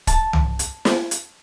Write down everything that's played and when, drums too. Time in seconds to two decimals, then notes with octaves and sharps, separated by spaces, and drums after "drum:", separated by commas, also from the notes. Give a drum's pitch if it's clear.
0.07 A5, drum: kick, hi-hat
0.33 drum: tom C2
0.59 drum: hi-hat
0.85 drum: snare
1.11 drum: hi-hat